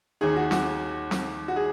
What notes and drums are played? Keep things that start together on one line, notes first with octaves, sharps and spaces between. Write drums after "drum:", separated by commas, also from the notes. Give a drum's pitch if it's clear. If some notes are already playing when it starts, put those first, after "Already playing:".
D#2 D#3 G#4
F#4
F#4, drum: snare
drum: snare
F#4
G#4